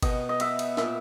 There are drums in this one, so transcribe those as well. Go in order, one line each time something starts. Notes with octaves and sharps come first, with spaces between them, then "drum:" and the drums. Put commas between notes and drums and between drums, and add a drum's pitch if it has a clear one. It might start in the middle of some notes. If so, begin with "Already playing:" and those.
B2 D#5, drum: kick G1, cymbal
D#5
B3 E5, drum: cymbal
drum: cymbal
A#2 E5, drum: snare